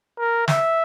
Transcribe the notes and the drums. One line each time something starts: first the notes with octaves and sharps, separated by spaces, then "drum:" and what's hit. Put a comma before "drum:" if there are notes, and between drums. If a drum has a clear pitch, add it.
A#4
E5, drum: snare